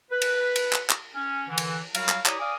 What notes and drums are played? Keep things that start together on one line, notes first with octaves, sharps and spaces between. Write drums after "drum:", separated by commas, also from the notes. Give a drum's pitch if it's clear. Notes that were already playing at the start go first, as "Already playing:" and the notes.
B4
drum: cymbal
drum: cymbal
drum: clap
drum: clap
C#4
D3 E3
drum: cymbal
F#3 G3 F#4 F5, drum: cymbal
drum: clap
E4 G4 C#5 D5 A#5 D#6, drum: clap
D5 F5 G#5 D6 D#6